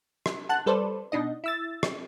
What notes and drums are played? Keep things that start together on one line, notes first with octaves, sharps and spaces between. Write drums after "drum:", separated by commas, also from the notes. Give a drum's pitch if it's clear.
drum: rim click
F#5 A5 F#6
G3 A4 B4 C5 D5
B2 D4 D#4 D#5
E4 E6 A6
drum: rim click